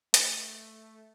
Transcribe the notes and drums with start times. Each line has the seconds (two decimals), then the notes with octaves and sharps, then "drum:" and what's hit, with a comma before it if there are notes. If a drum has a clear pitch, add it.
0.14 A3, drum: hi-hat